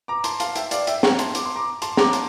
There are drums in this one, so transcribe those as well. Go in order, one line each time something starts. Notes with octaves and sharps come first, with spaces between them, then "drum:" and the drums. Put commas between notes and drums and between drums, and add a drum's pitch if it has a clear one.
A#5 D6
A5 C6, drum: hi-hat
F5 A5, drum: hi-hat
E5 G5, drum: hi-hat
D5 F5, drum: hi-hat
E5 G5, drum: hi-hat
G5 A#5, drum: snare
A5 C6, drum: hi-hat
D6, drum: hi-hat
C6
A#5 D6
A5 C6, drum: hi-hat
A#5 D6, drum: snare
A5 C6, drum: hi-hat